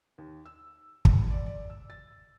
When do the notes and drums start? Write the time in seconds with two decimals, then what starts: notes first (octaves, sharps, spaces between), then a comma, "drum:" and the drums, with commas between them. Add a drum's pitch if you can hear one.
0.18 D#2
0.46 E6
1.05 C#2, drum: kick
1.31 D5
1.46 D5
1.70 E6
1.90 A6